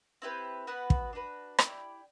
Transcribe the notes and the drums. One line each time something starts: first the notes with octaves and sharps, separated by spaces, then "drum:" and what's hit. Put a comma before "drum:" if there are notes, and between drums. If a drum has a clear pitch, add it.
C4 E4 G4 B4
B3 F#4 B4 F#5
drum: kick
D4 F#4 B4
E4 G4 D5 G5, drum: rim click